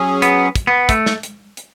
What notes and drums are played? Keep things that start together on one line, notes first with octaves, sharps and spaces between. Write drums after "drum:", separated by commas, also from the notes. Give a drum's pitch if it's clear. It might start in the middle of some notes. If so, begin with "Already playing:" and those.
Already playing: F#3 C#4 G#4
B3, drum: hi-hat
drum: kick, hi-hat
B3
A3, drum: kick, hi-hat
drum: snare
drum: hi-hat
drum: hi-hat